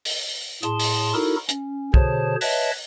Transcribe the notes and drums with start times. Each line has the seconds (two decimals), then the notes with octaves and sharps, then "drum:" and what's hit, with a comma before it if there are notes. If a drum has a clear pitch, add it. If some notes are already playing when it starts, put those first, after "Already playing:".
0.05 drum: open hi-hat
0.63 A2 G#4 A5 C6, drum: hi-hat
0.79 drum: open hi-hat
1.14 D#4 E4 F#4 A4 A#4
1.49 C#4, drum: hi-hat
1.94 B2 D3 G#4 C5 C#5 A5, drum: kick
2.41 B4 C#5 D#5 E5 A5, drum: open hi-hat